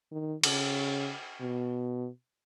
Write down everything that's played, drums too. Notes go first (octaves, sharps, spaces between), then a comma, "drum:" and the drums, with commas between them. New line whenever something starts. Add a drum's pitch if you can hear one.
D#3
C#3, drum: cymbal
B2